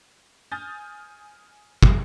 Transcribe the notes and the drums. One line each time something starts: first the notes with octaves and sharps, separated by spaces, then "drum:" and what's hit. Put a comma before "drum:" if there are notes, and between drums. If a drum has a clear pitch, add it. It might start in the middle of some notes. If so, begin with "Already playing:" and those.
G#5 D#6 F6 G6 A6
drum: kick